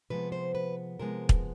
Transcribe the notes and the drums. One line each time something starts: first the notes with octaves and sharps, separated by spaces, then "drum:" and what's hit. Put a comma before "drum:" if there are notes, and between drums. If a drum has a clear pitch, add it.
C3 F3 G#3 B3 B4
C5
B4
C3 F3 G#3 B3 A#4
drum: kick